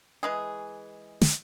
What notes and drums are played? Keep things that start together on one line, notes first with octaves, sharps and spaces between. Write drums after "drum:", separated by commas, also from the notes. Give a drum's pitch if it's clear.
E3 G#3 G#4
drum: snare